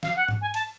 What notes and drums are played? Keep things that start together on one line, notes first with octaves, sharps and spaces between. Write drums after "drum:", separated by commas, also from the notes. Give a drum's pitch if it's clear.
F5, drum: snare
F#5
drum: tom G#2
G#5
A5, drum: cymbal